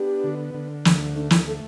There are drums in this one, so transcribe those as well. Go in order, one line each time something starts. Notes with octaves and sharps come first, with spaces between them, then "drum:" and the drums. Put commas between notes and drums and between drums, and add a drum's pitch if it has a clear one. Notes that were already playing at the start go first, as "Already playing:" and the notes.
Already playing: B3 D4 G4
D3
D3
D2, drum: snare
A3 D4
E4, drum: snare
A3 A4